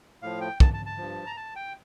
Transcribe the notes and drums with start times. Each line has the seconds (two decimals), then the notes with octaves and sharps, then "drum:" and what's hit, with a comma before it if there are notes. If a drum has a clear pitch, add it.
0.22 A2 F3 F5
0.41 G5
0.60 A5, drum: kick
0.73 A5
0.86 A5
0.98 G2 F3
1.26 A#5
1.37 A5
1.56 G5